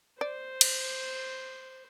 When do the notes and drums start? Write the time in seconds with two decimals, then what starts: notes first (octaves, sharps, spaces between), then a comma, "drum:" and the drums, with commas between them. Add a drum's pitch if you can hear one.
0.21 C5 D5
0.61 drum: cymbal